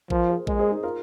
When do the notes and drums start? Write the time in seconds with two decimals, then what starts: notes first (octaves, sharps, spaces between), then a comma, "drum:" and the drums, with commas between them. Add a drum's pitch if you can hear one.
0.10 F3 F4 A#4, drum: kick A1
0.29 G#4 C5
0.47 G#3 A#4 D#5, drum: kick A1
0.59 G#4 C5
0.71 D#4 G#4
0.83 F4 A#4